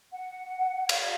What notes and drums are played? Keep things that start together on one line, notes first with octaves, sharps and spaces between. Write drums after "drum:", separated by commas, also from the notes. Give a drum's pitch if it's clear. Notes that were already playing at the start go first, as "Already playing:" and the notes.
F#5
F5 G#6, drum: cymbal